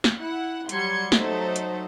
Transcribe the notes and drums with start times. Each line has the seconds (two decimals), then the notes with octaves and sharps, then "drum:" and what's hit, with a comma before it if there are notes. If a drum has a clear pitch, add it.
0.04 drum: snare
0.20 E4 F#5
0.69 F#3 G3 C6 G#6 C#7, drum: hi-hat
1.12 F#3 A3 D#4 A4 C5 E5, drum: snare
1.56 drum: hi-hat